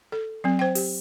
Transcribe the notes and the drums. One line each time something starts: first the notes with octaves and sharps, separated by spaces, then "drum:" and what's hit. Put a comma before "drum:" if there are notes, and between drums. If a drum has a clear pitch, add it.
A4
F#3 C4
C5 G5
G4, drum: open hi-hat